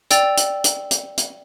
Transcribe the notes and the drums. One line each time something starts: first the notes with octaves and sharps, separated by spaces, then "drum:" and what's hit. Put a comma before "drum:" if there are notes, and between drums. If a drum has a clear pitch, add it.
D5 G5 E6 A6 F7, drum: hi-hat
drum: hi-hat
drum: hi-hat
drum: hi-hat
drum: hi-hat